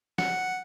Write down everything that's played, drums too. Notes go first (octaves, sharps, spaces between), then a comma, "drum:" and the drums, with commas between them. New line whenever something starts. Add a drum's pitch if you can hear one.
F#5, drum: snare